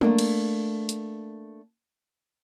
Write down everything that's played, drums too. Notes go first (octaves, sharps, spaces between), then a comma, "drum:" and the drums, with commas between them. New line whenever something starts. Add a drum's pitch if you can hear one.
A3 A#3 D4, drum: tom
drum: cymbal
drum: hi-hat